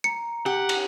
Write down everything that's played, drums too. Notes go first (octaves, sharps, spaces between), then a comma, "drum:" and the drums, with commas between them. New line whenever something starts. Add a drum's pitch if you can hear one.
A#5 C#7
G4 F#5
drum: cymbal